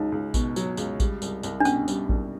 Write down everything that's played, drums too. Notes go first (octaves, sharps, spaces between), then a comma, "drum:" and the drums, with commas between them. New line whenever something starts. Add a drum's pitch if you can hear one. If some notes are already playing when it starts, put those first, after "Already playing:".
Already playing: C#2 F#3 D#4
C#2
B2, drum: kick A1, tambourine
F#3, drum: tambourine
C#2, drum: tambourine
G3, drum: kick A1, tambourine
C2, drum: tambourine
C2, drum: tambourine
D4
B2 C#4, drum: tambourine
G3, drum: tambourine
C2, drum: kick A1